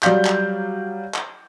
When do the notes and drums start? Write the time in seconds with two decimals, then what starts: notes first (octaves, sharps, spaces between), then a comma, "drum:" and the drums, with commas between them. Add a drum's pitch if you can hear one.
0.03 F#3 G3 D5 F5 G6, drum: clap
0.25 drum: clap
1.15 drum: clap